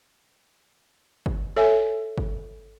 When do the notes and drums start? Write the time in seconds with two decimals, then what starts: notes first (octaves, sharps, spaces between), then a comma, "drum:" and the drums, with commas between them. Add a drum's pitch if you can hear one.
1.26 drum: kick G1
1.56 A4 C#5 E5 G#5
2.18 drum: kick G1